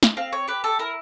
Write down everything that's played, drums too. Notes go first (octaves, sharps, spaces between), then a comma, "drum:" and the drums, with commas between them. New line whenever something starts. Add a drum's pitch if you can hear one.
drum: snare
C4 F5
C#5
G4 B4
A4
E4 A#4